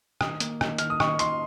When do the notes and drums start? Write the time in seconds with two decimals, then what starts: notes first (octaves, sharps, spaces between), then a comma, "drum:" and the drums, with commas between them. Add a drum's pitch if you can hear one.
0.21 D#3 D#6, drum: rim click
0.40 A#3, drum: hi-hat
0.61 D#3, drum: rim click
0.78 D#3 F6, drum: hi-hat
0.90 D#6
1.00 D#3 C#6, drum: rim click
1.19 D#3 C6, drum: hi-hat